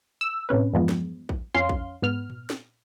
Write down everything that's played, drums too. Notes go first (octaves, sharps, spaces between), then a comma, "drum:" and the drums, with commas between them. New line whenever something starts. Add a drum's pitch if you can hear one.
E6
A2 C3 C#4 B4
E2 G2 F3 G#3 B3
drum: snare
drum: kick A#1
F2 C#4 F5 C6
drum: kick A#1
G#2 B3 F6
drum: tom A#2
drum: snare